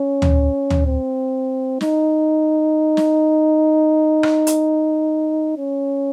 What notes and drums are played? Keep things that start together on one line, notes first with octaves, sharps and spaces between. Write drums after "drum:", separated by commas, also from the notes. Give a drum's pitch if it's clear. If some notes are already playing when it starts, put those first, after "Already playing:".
Already playing: C#4
drum: tom
drum: tom
C4
D#4, drum: snare
drum: snare
drum: rim click
drum: hi-hat
C#4